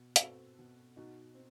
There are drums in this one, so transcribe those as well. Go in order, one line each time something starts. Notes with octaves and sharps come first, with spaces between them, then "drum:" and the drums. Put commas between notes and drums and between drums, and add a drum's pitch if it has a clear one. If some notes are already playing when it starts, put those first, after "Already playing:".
Already playing: B2
B4, drum: hi-hat
C4 F#4 A4
B2
B2 D#4 F#4
C4